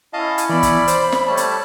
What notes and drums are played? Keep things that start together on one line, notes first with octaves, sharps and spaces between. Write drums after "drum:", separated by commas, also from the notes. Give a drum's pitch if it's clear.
C#4 E4 D#5 F5 A5
drum: hi-hat
E3 B3 D5 B5
drum: kick, hi-hat
C5, drum: hi-hat
drum: snare
G3 A3 C#5 A5
drum: hi-hat